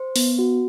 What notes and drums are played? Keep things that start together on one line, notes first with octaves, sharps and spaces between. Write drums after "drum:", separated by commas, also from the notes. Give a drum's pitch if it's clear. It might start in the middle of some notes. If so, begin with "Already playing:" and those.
Already playing: C5
B3, drum: open hi-hat
F#4